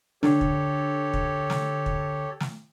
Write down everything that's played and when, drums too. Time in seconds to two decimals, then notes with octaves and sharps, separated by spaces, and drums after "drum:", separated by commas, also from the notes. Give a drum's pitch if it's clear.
0.23 D3 G4 A4 C#5, drum: snare
0.41 drum: kick
1.13 drum: kick
1.50 drum: snare
1.86 drum: kick
2.40 drum: snare